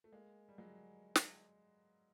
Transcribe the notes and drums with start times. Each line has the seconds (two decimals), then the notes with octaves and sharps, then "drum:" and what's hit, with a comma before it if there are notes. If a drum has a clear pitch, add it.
0.04 A3
0.12 G#3 A#3
0.49 G3
0.58 F#3 G#3
1.16 drum: snare